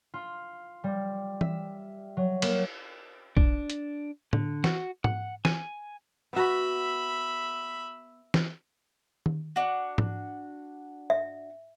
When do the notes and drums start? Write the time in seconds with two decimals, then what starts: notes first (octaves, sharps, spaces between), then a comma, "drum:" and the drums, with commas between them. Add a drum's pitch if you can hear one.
0.14 F4
0.84 G3
1.41 E5, drum: tom E3
2.17 F#3
2.42 A#3, drum: cymbal
3.37 D4, drum: kick
3.70 drum: hi-hat
4.33 D3, drum: tom A2
4.64 F#4, drum: snare E3
5.04 F#5, drum: tom G#2
5.45 G#5, drum: snare E3
6.33 B3 F#4 E5 B5
8.34 drum: snare E3
9.26 drum: tom D#3
9.56 D4 F#4
9.98 drum: tom G#2
11.10 E5